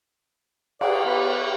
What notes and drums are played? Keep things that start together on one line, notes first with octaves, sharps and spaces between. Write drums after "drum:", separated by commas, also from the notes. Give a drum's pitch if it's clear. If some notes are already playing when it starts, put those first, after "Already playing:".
G4 G#4 B4 D5, drum: cymbal
B3 G4 B4